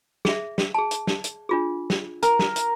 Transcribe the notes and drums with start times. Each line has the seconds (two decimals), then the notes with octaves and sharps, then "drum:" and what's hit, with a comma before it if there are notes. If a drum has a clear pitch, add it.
0.25 G#4 E5, drum: snare
0.58 drum: snare
0.74 G#4 A5
0.91 drum: hi-hat
1.07 drum: snare
1.24 drum: hi-hat
1.49 D4 F4 G#4
1.90 drum: snare
2.22 A#4, drum: hi-hat
2.39 drum: snare
2.56 drum: hi-hat